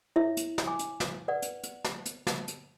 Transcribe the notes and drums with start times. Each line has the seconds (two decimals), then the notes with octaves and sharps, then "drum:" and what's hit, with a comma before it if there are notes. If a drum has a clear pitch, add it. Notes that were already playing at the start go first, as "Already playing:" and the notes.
0.16 E4 C#5 E5
0.37 drum: hi-hat
0.58 drum: snare
0.67 G#5 D6
0.79 drum: hi-hat
1.00 drum: snare
1.28 B4 D5 F#5
1.42 drum: hi-hat
1.63 drum: hi-hat
1.84 drum: snare
2.06 drum: hi-hat
2.27 drum: snare
2.48 drum: hi-hat